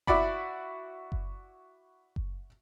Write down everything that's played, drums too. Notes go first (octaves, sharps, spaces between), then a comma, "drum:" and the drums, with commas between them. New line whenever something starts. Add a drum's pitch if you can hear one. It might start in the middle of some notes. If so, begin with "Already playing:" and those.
E4 F#4 D5 B5, drum: kick F#1
drum: kick F#1
drum: kick F#1